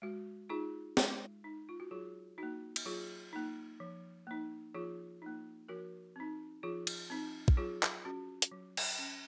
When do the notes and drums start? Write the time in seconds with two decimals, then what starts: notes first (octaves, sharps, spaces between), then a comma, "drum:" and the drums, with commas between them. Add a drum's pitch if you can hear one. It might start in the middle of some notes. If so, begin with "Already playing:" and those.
0.02 G#3 F#4
0.49 D#4 F4 G#4
0.97 G#3, drum: snare
1.44 D#4
1.69 F4
1.80 F#4
1.91 F#3 F4 G#4
2.38 A#3 D#4 F#4
2.76 drum: cymbal
2.86 F#3 F4 G#4
3.33 A#3 D#4
3.80 F3
4.27 A#3 D#4
4.74 F3 F4 G#4
5.22 A#3 D#4
5.69 F3 F#4 A#4
6.16 C4 D#4
6.63 F3 F4 G#4
6.87 drum: cymbal
7.10 C4 D#4
7.48 drum: kick
7.57 F#3 F4 G#4
7.83 drum: clap
8.05 C#4 F#4
8.42 drum: hi-hat
8.52 F#3
8.77 drum: cymbal
8.98 C#4